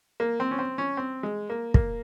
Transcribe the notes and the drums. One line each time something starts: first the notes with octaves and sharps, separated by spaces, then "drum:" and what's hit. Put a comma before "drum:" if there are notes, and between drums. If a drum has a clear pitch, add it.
A#3
C4
C#4
C4
C#4
C4
G#3
A#3
A#3, drum: kick